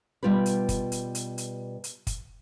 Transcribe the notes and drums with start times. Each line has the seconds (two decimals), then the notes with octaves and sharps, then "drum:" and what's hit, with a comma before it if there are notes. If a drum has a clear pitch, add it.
0.23 B2 G3 F4 G4 B4
0.46 drum: hi-hat
0.69 drum: kick, hi-hat
0.92 drum: hi-hat
1.15 drum: hi-hat
1.38 drum: hi-hat
1.84 drum: hi-hat
2.07 drum: kick, hi-hat